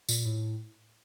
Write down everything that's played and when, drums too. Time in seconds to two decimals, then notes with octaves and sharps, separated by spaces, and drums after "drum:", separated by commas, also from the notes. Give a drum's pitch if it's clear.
0.09 A#2, drum: tambourine
0.25 A2